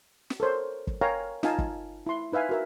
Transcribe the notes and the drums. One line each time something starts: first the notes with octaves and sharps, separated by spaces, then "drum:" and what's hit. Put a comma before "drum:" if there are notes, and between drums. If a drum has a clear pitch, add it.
drum: snare
A4 A#4 C5 C#5
drum: kick
A#4 C#5 F5 G5 G#5 A#5
D#4 F4 F5 G#5 A5, drum: snare
drum: kick
E4 C6
D#4 B4 E5 F5 G#5
F#4 A#4 E5